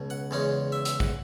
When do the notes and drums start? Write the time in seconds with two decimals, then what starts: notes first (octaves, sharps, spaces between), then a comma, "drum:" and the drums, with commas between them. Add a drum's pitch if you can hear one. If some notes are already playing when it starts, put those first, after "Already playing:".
Already playing: C#2 B2
0.10 F#5
0.31 E2 C#3 G#3 C#4
0.72 E5
0.85 E5, drum: hi-hat
1.00 F#5, drum: kick